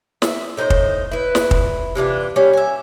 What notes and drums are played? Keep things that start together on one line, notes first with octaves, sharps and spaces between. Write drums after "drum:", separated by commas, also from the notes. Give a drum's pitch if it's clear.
E5, drum: snare
A2 D#4 F4 C5
drum: kick
E4 B4
drum: snare
drum: kick
C3 E3 D4 F4
G3 C#4
E5 G#5